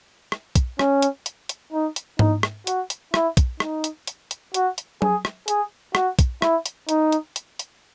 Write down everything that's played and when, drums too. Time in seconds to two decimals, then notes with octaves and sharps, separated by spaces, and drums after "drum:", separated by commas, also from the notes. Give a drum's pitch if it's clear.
0.32 drum: rim click
0.56 drum: kick, hi-hat
0.79 C#4, drum: rim click
1.02 drum: hi-hat
1.26 drum: hi-hat
1.49 drum: hi-hat
1.73 D#4
1.96 drum: hi-hat
2.19 D#4, drum: tom G#2
2.43 drum: rim click
2.67 F#4, drum: hi-hat
2.90 drum: hi-hat
3.14 E4, drum: rim click
3.37 drum: kick, hi-hat
3.60 D#4, drum: rim click
3.84 drum: hi-hat
4.07 drum: hi-hat
4.31 drum: hi-hat
4.54 F#4, drum: hi-hat
4.78 drum: hi-hat
5.02 G#4, drum: tom F#3
5.25 drum: rim click
5.48 G#4, drum: hi-hat
5.95 F#4, drum: rim click
6.19 drum: kick, hi-hat
6.42 E4, drum: rim click
6.66 drum: hi-hat
6.89 D#4, drum: hi-hat
7.12 drum: hi-hat
7.36 drum: hi-hat
7.59 drum: hi-hat